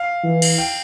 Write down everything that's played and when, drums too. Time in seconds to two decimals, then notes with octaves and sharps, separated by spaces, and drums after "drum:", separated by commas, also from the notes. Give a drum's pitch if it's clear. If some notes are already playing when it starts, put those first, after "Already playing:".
Already playing: F5
0.24 E3
0.42 drum: cymbal
0.58 G5